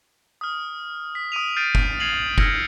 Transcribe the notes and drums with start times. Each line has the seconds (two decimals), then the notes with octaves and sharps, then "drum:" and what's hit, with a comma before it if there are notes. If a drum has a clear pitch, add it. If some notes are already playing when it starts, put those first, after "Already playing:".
0.41 D#6 F6
1.15 B6
1.32 D#6 D7 D#7 F7
1.56 F6 G6 A6 C7 D7 D#7
1.75 drum: kick F#1
2.00 G#6 C7 D#7 F7 F#7
2.38 E6 F6 G6 G#6 A#6 C#7, drum: kick F#1